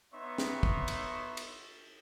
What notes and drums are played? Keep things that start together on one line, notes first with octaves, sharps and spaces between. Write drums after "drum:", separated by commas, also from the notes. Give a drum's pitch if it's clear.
B3 D#4 C#5 E5 C6 C#6
drum: snare
drum: kick
drum: cymbal
drum: cymbal